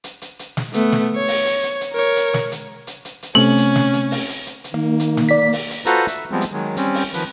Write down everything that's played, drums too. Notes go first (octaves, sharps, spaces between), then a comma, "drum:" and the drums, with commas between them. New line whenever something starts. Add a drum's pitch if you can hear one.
drum: hi-hat
drum: hi-hat
drum: hi-hat
drum: snare
A3 B3, drum: hi-hat
drum: snare
C#5
drum: open hi-hat
drum: hi-hat
drum: hi-hat
drum: hi-hat
A#4 C#5
drum: hi-hat
drum: snare
drum: hi-hat
drum: hi-hat
drum: hi-hat
drum: hi-hat
C3 A3 C4 C#4 F#7
drum: hi-hat
drum: snare
drum: hi-hat
drum: open hi-hat
drum: hi-hat
drum: hi-hat
drum: hi-hat
D#3 A#3
drum: hi-hat
drum: snare
D5 B6
drum: open hi-hat
drum: hi-hat
F4 F#4 A4 B4 C5 A#5, drum: hi-hat
E5, drum: hi-hat
F3 G3 G#3 B3 C4
drum: hi-hat
D#3 F#3 G#3
G3 C4 C#4, drum: hi-hat
drum: open hi-hat
D#3 F3 B4, drum: hi-hat